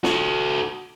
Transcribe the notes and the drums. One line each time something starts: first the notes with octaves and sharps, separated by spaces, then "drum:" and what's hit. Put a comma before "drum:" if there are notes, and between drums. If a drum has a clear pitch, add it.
F#4 A4, drum: snare